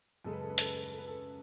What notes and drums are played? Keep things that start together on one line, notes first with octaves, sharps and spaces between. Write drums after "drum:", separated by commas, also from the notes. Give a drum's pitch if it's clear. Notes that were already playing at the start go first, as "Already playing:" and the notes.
F#2 C#3 G#3 A4
B4
A4
B4
A4, drum: hi-hat
B4
A4
B4
A4
B4
A4